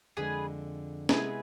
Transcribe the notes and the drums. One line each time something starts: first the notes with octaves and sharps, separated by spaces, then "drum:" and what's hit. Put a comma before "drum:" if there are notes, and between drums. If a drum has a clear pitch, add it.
F2 D3 G#3 G#4 B4
C3 G#3 B3 E4 G#4 B4, drum: snare C#4